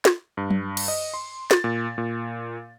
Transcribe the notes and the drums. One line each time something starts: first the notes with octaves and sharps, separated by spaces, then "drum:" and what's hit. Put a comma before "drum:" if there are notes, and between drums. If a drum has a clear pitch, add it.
drum: snare
G2
drum: tom F#3
drum: cymbal
D#5
C6
A6, drum: snare
A#2
A#2